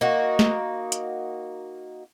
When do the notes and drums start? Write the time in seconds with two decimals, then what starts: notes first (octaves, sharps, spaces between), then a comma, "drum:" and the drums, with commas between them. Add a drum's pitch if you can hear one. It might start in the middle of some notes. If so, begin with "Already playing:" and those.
0.01 A#3 D#4 F#4
0.39 drum: snare
0.92 drum: hi-hat